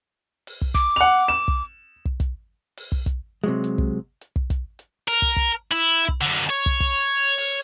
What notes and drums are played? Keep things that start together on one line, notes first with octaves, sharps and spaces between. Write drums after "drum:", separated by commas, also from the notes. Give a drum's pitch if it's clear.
drum: open hi-hat
drum: kick
D6, drum: kick, hi-hat
F#5 F7
E7
drum: kick
drum: kick
drum: kick, hi-hat
drum: open hi-hat
drum: kick
drum: kick, hi-hat
C3 F#3 G#3
drum: hi-hat
drum: kick
drum: hi-hat
drum: kick
drum: kick, hi-hat
drum: hi-hat
A#4, drum: open hi-hat
drum: kick
drum: kick
E4
drum: kick
F#2 D3
C#5, drum: hi-hat
drum: kick
drum: kick, hi-hat
drum: open hi-hat